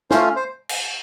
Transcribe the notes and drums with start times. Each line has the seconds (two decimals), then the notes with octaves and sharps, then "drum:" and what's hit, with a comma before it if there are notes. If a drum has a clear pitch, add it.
0.11 A3 C#4 F4 C5, drum: snare
0.36 C5
0.69 drum: cymbal